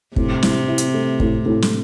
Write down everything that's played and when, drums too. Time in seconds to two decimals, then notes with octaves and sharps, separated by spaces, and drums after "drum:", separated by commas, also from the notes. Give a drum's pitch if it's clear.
0.16 A2 C3, drum: kick
0.43 E4, drum: snare
0.68 E4
0.78 drum: hi-hat
0.94 A3
1.20 A2, drum: kick
1.46 A2
1.62 drum: snare